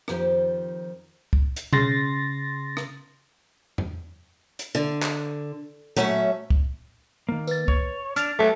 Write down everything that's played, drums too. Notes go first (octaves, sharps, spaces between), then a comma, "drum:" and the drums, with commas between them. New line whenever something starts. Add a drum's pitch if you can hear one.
F2 D#3 F3 G4 C5, drum: rim click
drum: kick
drum: hi-hat
C#3 C6 A6 A#6, drum: tom B2
drum: rim click
drum: tom E2
drum: hi-hat
D3
drum: clap
F#3 A3 C#4 E5, drum: tom A#2
drum: kick
D#3 A#3
B4 A6, drum: tambourine
C#5, drum: kick
D4 F6 A6 F7, drum: hi-hat
F#3 A3 G4